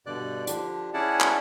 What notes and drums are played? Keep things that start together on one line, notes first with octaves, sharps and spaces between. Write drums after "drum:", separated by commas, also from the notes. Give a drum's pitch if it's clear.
G2 B2 D3 D5 F#6
D3 F3 D4 G4, drum: hi-hat
C#4 E4 G#4 D5 F#5 A5
drum: clap